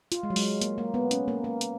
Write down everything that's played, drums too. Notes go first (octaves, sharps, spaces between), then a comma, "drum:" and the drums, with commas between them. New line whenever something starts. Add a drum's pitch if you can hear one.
F4, drum: hi-hat
G#3
F#3
G#3, drum: open hi-hat
A#3, drum: hi-hat
A#3
B3
C#4, drum: hi-hat
A#3
A#3
drum: hi-hat